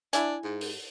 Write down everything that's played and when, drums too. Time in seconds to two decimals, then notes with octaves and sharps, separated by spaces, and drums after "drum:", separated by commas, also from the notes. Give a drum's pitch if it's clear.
0.13 D4 E4 E5 G#5, drum: hi-hat
0.44 G#2
0.61 drum: open hi-hat